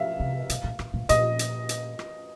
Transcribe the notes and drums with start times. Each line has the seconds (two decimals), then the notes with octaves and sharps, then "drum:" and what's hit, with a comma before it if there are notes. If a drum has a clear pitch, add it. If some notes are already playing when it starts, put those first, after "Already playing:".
Already playing: E5 F5
0.20 C3
0.50 B2, drum: hi-hat
0.64 A#2
0.79 A#2, drum: rim click
0.94 A#2
1.09 A#2 D#5, drum: hi-hat
1.39 drum: hi-hat
1.69 drum: hi-hat
1.99 drum: rim click